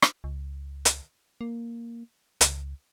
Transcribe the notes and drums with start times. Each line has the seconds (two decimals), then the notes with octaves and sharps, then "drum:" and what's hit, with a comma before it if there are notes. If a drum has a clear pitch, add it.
0.02 drum: rim click
0.24 C#2
0.85 drum: hi-hat
1.41 A#3
2.41 C#2, drum: hi-hat